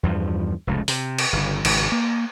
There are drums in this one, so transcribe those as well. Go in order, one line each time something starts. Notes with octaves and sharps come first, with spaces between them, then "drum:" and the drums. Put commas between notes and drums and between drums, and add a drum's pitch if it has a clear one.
E2 G2 F3
F1 C#2 A2
C3, drum: open hi-hat
drum: cymbal
G1 C#3
G#1 G#2 C#3, drum: cymbal
A#3